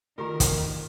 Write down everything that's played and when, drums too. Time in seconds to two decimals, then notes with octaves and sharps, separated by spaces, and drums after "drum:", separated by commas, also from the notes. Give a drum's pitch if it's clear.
0.18 D2 D#3 F4 G4 A#4 A#5
0.40 drum: kick, hi-hat